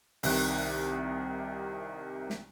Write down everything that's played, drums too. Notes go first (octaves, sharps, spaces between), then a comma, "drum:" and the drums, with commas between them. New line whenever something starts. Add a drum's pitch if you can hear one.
C2 C3 D#3 F#6, drum: open hi-hat
drum: snare